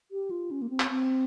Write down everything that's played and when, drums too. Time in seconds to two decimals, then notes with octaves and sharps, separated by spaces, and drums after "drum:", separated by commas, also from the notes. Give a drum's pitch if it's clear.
0.11 G4
0.31 F4
0.51 C#4
0.62 A#3
0.70 C4
0.80 drum: clap
0.90 C4